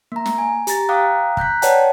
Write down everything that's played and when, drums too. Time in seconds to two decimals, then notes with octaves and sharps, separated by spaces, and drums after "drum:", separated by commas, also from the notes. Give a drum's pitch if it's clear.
0.12 A#3 A#5
0.26 drum: snare
0.38 G#5
0.67 G4 A#5 A6, drum: hi-hat
0.89 F5 G5 A#5 D6 D#6 F#6
1.37 A#5 F#6 G6 B6, drum: kick
1.62 B4 C#5 D5 F#5 G5 A5, drum: hi-hat